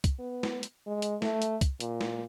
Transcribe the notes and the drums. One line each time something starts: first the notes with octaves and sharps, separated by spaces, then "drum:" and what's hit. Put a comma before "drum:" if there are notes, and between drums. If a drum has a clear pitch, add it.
drum: kick, hi-hat
B3
drum: snare
drum: hi-hat
G#3
drum: hi-hat
A3, drum: snare
drum: hi-hat
drum: kick, hi-hat
A#2, drum: hi-hat
drum: snare